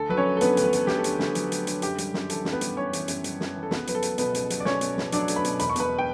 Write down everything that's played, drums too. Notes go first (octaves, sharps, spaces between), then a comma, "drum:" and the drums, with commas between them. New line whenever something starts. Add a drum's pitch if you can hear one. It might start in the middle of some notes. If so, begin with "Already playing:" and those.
Already playing: D2 A4
F#3 B4
C#4 C#5
A3
A4
D3 B3 B4, drum: hi-hat
D2, drum: hi-hat
B4
F#3 A4, drum: hi-hat
A3 G4, drum: snare
A4
D3, drum: hi-hat
D2, drum: snare
F#3, drum: hi-hat
A3, drum: hi-hat
D3, drum: hi-hat
F#2 G4, drum: hi-hat
G3, drum: hi-hat
F#2, drum: snare
E3 A4, drum: hi-hat
F#2, drum: snare
B3 B4
G3, drum: hi-hat
F#2 C#4 C#5
E3, drum: hi-hat
F#2, drum: hi-hat
G3, drum: hi-hat
F#2, drum: snare
E3
A4
C#2 B3 B4, drum: snare
F#3 B4, drum: hi-hat
A4
A3, drum: hi-hat
B2 B3 B4, drum: hi-hat
C#2, drum: hi-hat
F#3, drum: hi-hat
D5
A3 C#4 C#5, drum: snare
B2, drum: hi-hat
C#2, drum: snare
F#3 D4 D5, drum: hi-hat
A3, drum: hi-hat
B4 B5
B2, drum: hi-hat
E1 B5, drum: hi-hat
C#6
B2 B4 B5, drum: hi-hat
G5